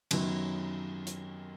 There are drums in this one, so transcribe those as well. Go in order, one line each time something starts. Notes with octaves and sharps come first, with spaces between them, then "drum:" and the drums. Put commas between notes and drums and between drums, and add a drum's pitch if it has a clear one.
F#2 D#3 F#3 B3, drum: cymbal
drum: hi-hat